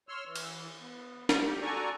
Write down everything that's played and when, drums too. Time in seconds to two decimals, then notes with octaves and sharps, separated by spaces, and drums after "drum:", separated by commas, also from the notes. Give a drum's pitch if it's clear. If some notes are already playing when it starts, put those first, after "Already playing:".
0.09 C#5 C6 E6 F6
0.25 E3
0.36 drum: cymbal
0.81 B3
1.29 G3, drum: snare
1.45 G4
1.62 F#4 A4 D5 G#5 A#5 C#6